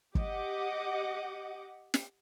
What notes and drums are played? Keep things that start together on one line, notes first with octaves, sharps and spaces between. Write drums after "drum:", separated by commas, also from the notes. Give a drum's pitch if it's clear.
G4 D#5 F#5 D6, drum: kick
drum: snare